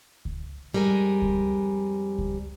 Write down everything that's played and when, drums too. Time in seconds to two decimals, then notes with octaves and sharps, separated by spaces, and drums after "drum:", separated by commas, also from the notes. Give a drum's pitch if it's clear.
0.25 drum: kick C#2
0.74 F2 G3 G#3 A#4 G#5
1.22 drum: kick C#2
2.18 drum: kick C#2